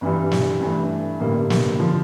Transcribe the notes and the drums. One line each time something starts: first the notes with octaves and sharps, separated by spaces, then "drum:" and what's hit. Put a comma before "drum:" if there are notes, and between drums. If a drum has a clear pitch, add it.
G1 G2 E3 G3
drum: snare
G2 E3 A3
A1 G2 D3 G3 A#3
drum: snare
D3 F3